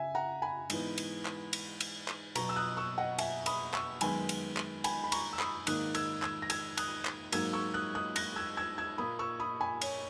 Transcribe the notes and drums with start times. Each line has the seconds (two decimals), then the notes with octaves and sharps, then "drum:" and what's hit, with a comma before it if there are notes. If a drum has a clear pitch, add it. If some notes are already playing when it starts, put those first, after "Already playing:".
Already playing: C#3 E5 G#5
0.15 F#5 A#5
0.42 G#5 B5
0.70 G#2 E3 B3, drum: cymbal
0.98 drum: cymbal
1.25 drum: clap
1.53 drum: cymbal
1.80 drum: cymbal
2.08 drum: clap
2.36 B2 F#3 B3 A#5 C#6, drum: cymbal
2.49 E6
2.56 D#6 F#6
2.77 C#6 E6
2.98 D#5 F#5
3.18 E5 G#5, drum: cymbal
3.46 B5 D#6, drum: cymbal
3.74 C#6 E6, drum: clap
4.01 F#2 D#3 G#3 B3 G#5 B5, drum: cymbal
4.29 drum: cymbal
4.57 drum: clap
4.84 G#5 B5, drum: cymbal
5.04 B5
5.12 A#5 C#6, drum: cymbal
5.33 E6
5.39 B5 D#6, drum: clap
5.67 G#2 D#3 A#3 D#6 F#6, drum: cymbal
5.95 E6 G#6, drum: cymbal
6.22 E6 G#6, drum: clap
6.42 A#6
6.50 E6 G#6, drum: cymbal
6.77 D#6 F#6, drum: cymbal
7.05 drum: clap
7.32 G#2 F#3 A#3 E6 G#6, drum: cymbal
7.53 C#6 E6
7.74 D#6 F#6
7.95 D#6 F#6
8.16 F#6 A#6, drum: cymbal
8.36 E6 G#6
8.57 E6 G#6
8.78 E6 G#6
8.98 A#2 A#3 B5 D#6
9.19 C#6 E6
9.40 B5 D#6
9.61 G#5 B5
9.81 C#5, drum: cymbal